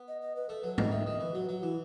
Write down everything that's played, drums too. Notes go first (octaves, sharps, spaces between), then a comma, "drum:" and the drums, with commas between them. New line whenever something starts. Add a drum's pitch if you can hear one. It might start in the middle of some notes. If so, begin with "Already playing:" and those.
Already playing: B3
D#5
D#5
B4
A3 A4
F#3 B4
E3 D#5, drum: tom G#2
D#3 E5
D#3 D#5
E3 B4
F#3 F#4
F#3 F#4
E3 E4